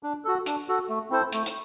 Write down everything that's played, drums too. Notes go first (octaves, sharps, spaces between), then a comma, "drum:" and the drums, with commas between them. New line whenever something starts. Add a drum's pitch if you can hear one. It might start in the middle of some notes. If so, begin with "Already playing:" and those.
D4
F#4 A4
D4, drum: hi-hat
F#4 A4
A3
C4 E4 A4 C5
A3, drum: hi-hat
drum: hi-hat